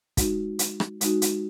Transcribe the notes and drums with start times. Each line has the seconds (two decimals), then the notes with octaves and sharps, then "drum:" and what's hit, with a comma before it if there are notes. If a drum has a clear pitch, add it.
0.17 G#3 D#4 F#4, drum: kick, hi-hat
0.59 drum: hi-hat
0.80 drum: rim click
1.01 G#3 D#4 F#4, drum: hi-hat
1.22 drum: hi-hat